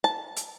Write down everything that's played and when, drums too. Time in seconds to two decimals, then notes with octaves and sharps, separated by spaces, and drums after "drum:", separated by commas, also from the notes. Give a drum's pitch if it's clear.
0.04 A5
0.37 drum: hi-hat